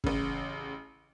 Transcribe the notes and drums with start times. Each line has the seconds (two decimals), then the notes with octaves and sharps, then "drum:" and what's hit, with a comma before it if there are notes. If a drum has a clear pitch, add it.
0.04 A1 C#3, drum: kick